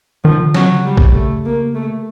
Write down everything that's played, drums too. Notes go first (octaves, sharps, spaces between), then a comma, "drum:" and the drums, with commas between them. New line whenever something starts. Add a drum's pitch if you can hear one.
D#3 F3
C#3
D3
F#3, drum: snare
C#3
G3
drum: kick
A3
A#3
A3